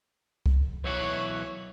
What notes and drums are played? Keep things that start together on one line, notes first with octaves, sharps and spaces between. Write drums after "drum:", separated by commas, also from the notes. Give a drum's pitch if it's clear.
drum: kick C#2
B1 E3 F#4 C#5